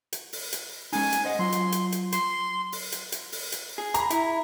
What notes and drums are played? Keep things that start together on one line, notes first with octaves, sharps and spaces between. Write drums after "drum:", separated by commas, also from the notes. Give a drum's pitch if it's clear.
drum: hi-hat
drum: open hi-hat
drum: hi-hat
G#3 C#4 D#4 G#5, drum: open hi-hat
drum: hi-hat
C5 D#5 F#5
F#3 F4 C6
drum: hi-hat
drum: hi-hat
drum: hi-hat
C6, drum: hi-hat
drum: open hi-hat
drum: hi-hat
drum: hi-hat
drum: open hi-hat
drum: hi-hat
G#4
A#5 B5, drum: hi-hat
E4, drum: hi-hat